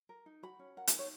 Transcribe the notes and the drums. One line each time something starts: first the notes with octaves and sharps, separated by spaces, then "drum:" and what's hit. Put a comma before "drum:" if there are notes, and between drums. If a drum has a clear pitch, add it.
A#4
D#4
F#4 B5
C#4
A#4 F#5
B4, drum: hi-hat
D#4
C#5